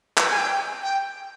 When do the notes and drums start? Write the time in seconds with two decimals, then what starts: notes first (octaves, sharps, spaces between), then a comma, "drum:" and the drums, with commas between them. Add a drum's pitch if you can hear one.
0.18 drum: clap
0.30 G#5
0.38 G5
0.83 G5